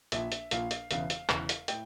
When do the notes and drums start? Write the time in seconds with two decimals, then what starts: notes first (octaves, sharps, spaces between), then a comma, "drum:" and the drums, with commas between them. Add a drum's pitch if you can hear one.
0.12 A#1 A#2 F3 E5, drum: hi-hat
0.32 drum: hi-hat
0.51 A#1 A#2 F3 F5, drum: hi-hat
0.71 drum: hi-hat
0.91 E1 E2 C#3 E3 F5, drum: hi-hat
1.10 drum: hi-hat
1.29 E1 E2 C#3 E3, drum: clap
1.49 drum: hi-hat
1.68 A2 G5, drum: hi-hat